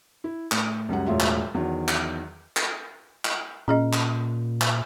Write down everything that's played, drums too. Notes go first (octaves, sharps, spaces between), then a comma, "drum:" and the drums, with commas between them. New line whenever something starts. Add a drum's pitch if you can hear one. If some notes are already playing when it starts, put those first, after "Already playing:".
E4
A2, drum: clap
C#2 F#2 G3 F#5
E1 A2 F#3 F4 C#5 E5
drum: clap
E2 D#3 F#3
drum: clap
drum: clap
drum: clap
A#2 C#4 G#4 D#5
drum: clap
drum: clap